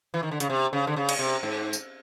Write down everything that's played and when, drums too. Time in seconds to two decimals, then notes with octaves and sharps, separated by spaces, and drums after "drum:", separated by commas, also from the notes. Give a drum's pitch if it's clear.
0.14 E3
0.23 D#3
0.31 D3
0.40 C#3, drum: hi-hat
0.50 C3
0.73 C#3
0.87 D3
0.96 C#3
1.09 drum: cymbal
1.19 C3
1.43 G#2
1.73 drum: tambourine